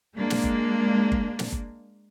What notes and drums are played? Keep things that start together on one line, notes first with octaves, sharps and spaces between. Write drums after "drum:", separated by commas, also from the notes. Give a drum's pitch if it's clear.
G#3 A#3 D4
drum: snare
drum: kick G1
drum: kick G1
drum: snare
drum: kick G1